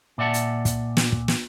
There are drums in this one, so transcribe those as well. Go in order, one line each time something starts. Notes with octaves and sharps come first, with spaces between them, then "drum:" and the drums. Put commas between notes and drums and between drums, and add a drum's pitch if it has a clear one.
A#2 D5 E5 F#5 A5
drum: hi-hat
drum: kick, hi-hat
drum: snare
drum: kick
drum: snare